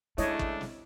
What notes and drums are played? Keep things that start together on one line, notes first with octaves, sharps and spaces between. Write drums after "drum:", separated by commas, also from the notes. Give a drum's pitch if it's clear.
C#3 G#3 A3 D4 E4 C#5 D#5, drum: hi-hat
drum: kick
drum: snare